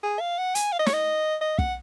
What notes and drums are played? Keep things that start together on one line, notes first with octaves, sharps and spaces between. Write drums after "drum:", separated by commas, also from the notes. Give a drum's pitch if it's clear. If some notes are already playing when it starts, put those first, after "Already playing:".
G#4
F5
F#5
G#5, drum: hi-hat
F5
D#5
C#5, drum: snare
D#5
D#5
F#5, drum: kick